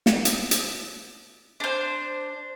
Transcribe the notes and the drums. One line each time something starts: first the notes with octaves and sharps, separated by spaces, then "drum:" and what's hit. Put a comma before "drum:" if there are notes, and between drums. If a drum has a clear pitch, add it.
drum: snare
drum: hi-hat
drum: hi-hat
D4 C5